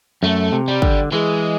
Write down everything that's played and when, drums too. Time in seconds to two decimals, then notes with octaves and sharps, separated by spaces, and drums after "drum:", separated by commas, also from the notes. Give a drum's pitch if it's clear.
0.23 F#2 A3
0.52 C3
0.68 G3
0.82 D3, drum: kick
1.12 E3 G#3